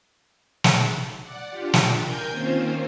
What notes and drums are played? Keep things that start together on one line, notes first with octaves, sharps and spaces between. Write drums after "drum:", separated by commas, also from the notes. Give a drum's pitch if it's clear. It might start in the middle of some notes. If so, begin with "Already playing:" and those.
drum: snare
D5 F#5
D4 F4 G4
drum: snare
A#4 G5 G#5 G6 G#6
D#3 A#3 C4 C#4 F4 C5